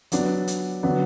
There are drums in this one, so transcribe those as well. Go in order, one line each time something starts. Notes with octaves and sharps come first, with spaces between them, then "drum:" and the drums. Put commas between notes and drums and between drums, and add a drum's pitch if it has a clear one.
F#3 B3 D4, drum: hi-hat
drum: hi-hat
D3 F#3 B3 D4